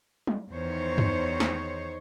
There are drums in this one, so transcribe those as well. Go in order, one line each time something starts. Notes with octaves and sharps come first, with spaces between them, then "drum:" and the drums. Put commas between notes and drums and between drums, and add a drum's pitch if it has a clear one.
drum: tom
E2 D#3 C5 C#5
drum: tom
drum: snare